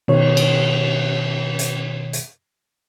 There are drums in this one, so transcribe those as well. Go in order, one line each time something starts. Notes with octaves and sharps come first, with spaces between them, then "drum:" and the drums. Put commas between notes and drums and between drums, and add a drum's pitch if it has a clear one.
B2 D#3 C#5, drum: cymbal
drum: cymbal
drum: hi-hat
drum: hi-hat